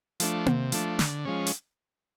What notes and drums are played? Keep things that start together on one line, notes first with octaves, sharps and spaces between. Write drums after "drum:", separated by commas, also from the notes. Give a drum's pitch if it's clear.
F3 A3 D4, drum: hi-hat
C3, drum: tom A#3
F3 A3 D4, drum: hi-hat
D3, drum: snare
F3 G#3 C#4
drum: hi-hat